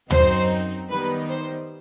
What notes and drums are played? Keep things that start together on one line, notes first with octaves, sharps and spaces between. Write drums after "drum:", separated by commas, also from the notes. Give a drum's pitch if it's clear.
F#2 F#3 C4 D#4 C5, drum: tom
D#3 G3 B3 D#4 B4
C5